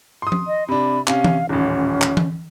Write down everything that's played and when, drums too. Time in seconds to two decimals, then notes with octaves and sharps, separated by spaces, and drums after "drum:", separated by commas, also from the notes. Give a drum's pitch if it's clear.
0.22 C6 D#6
0.32 drum: tom F3
0.47 D#5
0.69 C3 D4 B5
1.07 C3 C#4 F5, drum: clap
1.24 drum: tom E3
1.49 D#1 A1 C#4
2.02 drum: clap
2.17 drum: tom E3